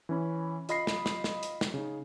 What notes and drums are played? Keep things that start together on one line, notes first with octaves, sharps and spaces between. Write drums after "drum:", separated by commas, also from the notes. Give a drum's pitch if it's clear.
E3 C#4 B5
F4 D#5 B5 A#6 C7, drum: hi-hat
drum: snare
drum: snare
drum: snare
drum: hi-hat
drum: snare
C#3 D#4